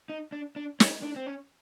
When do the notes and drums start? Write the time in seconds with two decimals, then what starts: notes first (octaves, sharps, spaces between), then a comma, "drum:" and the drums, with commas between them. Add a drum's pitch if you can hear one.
0.10 D#4
0.32 D4
0.56 D4
0.80 C#4, drum: snare
1.03 D4
1.16 C4
1.26 C#4